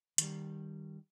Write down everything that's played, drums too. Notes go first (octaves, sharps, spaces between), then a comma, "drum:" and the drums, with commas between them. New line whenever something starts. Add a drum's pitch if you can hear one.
D#3 G3, drum: hi-hat